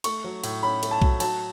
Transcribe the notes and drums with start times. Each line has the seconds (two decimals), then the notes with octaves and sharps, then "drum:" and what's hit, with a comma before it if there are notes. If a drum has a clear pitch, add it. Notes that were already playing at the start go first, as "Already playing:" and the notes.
0.04 A3 C#6, drum: cymbal
0.24 F#3
0.44 A2, drum: cymbal
0.63 C#4 B5
0.83 A3, drum: cymbal
0.91 A5
1.02 F#3, drum: kick B1
1.20 F#3 A5, drum: cymbal